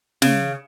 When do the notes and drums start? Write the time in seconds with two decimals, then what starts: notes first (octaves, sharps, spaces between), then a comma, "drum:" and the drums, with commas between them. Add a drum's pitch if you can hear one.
0.22 C#3, drum: snare